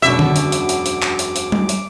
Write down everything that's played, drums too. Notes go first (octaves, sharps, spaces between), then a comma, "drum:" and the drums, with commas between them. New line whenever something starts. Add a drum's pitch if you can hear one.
E1 F#2 B2 D4 F#4 E5 D6
drum: tom D3
drum: hi-hat
drum: hi-hat
drum: hi-hat
drum: hi-hat
drum: clap
drum: hi-hat
drum: hi-hat
drum: tom G3
drum: hi-hat